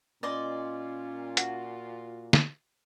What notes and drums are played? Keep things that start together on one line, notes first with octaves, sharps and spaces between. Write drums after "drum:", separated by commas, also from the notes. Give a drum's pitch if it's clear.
A#2 C#4 F4 D5 D#5 C6
F#4, drum: hi-hat
drum: snare